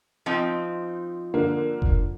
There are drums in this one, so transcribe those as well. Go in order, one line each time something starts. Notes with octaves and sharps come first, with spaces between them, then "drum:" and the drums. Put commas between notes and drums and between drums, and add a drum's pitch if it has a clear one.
F3 C4 D#4
D3 A#3
drum: kick F1